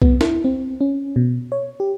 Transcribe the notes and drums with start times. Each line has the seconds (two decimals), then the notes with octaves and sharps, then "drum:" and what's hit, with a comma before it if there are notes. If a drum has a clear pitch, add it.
0.02 B3, drum: kick C2
0.21 E4, drum: snare
0.44 C4
0.81 C#4
1.16 B2
1.52 C#5
1.80 G4